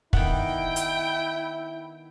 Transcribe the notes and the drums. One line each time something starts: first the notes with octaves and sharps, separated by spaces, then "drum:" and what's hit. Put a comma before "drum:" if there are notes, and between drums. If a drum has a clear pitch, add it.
D#3 B3 E4 G5, drum: kick
drum: hi-hat